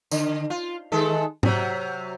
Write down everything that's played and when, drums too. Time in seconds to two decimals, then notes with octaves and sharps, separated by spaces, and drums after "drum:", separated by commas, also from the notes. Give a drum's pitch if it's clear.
0.11 D3, drum: tambourine
0.50 F4
0.92 D#3 G#3 A4
1.43 C3 F#3, drum: tom G#2